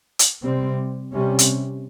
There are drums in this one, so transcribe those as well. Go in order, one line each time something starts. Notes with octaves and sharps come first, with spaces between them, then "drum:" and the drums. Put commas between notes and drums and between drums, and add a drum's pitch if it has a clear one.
drum: hi-hat
C3 G3 C4
C3 G3 C#4
drum: hi-hat